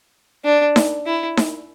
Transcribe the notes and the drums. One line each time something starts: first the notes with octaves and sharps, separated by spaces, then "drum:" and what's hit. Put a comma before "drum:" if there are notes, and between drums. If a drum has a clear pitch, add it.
D4
drum: snare D#4
E4
drum: snare D#4